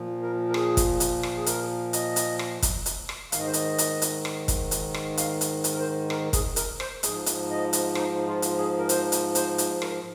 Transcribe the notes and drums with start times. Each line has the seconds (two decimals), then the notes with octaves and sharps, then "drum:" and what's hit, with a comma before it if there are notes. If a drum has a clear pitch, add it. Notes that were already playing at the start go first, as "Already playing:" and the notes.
Already playing: A#2 F3
0.22 A#4
0.49 A#4
0.54 G#4, drum: rim click
0.77 drum: kick, hi-hat
1.00 drum: hi-hat
1.23 drum: rim click
1.37 G#4
1.46 A#4, drum: hi-hat
1.93 D#5, drum: hi-hat
2.16 drum: hi-hat
2.39 drum: rim click
2.62 drum: kick, hi-hat
2.86 drum: hi-hat
3.09 drum: rim click
3.32 G#2 D#3 F5, drum: hi-hat
3.39 D#5
3.47 C5
3.53 D#5, drum: hi-hat
3.78 drum: hi-hat
4.02 drum: hi-hat
4.25 drum: rim click
4.48 drum: kick, hi-hat
4.71 drum: hi-hat
4.94 drum: rim click
5.17 F5, drum: hi-hat
5.41 drum: hi-hat
5.64 drum: hi-hat
5.74 A#4
5.79 C5
6.10 A#4, drum: rim click
6.33 G#4, drum: kick, hi-hat
6.56 A#4, drum: hi-hat
6.80 C5, drum: rim click
7.03 G#2 F3 G#4, drum: hi-hat
7.26 drum: hi-hat
7.50 D#5
7.73 drum: hi-hat
7.95 D#4, drum: rim click
8.27 F4
8.42 drum: hi-hat
8.58 G#4
8.78 A#4
8.89 C5, drum: hi-hat
9.12 drum: hi-hat
9.35 C5, drum: hi-hat
9.58 drum: hi-hat
9.82 A#4, drum: rim click